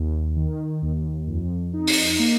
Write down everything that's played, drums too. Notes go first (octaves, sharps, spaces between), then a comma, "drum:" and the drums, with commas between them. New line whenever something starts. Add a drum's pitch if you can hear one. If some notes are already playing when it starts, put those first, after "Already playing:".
Already playing: D#2
D#3
D#2
F2
D#4
drum: open hi-hat
A#3